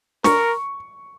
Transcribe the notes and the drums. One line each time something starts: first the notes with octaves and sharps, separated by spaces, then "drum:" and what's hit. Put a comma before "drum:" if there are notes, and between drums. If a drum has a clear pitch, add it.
A#4 C#6, drum: snare